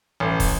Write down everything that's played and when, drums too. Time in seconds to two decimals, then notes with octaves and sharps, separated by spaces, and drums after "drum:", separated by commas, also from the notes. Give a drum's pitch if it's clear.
0.20 A1
0.40 drum: kick, open hi-hat